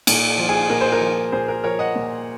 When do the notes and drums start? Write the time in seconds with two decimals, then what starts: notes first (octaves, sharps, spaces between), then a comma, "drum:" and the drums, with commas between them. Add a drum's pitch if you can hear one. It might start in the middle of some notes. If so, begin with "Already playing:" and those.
0.07 A#2, drum: cymbal
0.38 F3
0.49 G#4
0.70 A#2 A#4
0.81 C5
0.92 A#4
1.01 F3
1.32 A#2 G#4 C5
1.48 A#4
1.64 F3 A#4 C#5
1.79 D#5 F#5
1.96 A#2